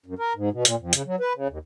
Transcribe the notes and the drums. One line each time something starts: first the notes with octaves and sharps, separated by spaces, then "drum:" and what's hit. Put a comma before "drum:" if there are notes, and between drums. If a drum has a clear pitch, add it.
F#2
A#4
G#2
B2
A#2, drum: hi-hat
F2
C#3, drum: hi-hat
F#3
B4
C#3
D#2